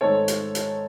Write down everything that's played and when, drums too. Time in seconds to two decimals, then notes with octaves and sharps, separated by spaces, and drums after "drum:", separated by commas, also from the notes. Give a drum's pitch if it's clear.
0.01 G#2 D#3 A3 C4 A4 C#5
0.28 drum: hi-hat
0.55 drum: hi-hat